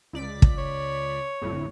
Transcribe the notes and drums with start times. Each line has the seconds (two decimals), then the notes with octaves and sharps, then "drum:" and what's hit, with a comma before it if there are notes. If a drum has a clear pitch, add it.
0.13 C#2 D5 B6
0.42 drum: kick
0.58 C#5
1.42 G1 F2 A2